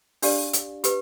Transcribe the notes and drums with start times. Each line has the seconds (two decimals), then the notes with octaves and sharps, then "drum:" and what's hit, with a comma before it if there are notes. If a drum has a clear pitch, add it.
0.22 D4 G4 D5 F5, drum: open hi-hat
0.53 drum: hi-hat
0.84 G4 B4, drum: hi-hat